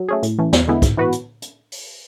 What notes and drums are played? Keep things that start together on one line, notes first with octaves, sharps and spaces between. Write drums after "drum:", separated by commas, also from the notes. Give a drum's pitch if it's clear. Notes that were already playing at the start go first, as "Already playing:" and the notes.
Already playing: F#3
A3 C#4 G#4
A2, drum: hi-hat
E3 A3 C#4
E2, drum: snare
D3 G#3 B3 E4
G#2, drum: kick, hi-hat
E3 B3 F#4 B4
drum: hi-hat
drum: hi-hat
drum: open hi-hat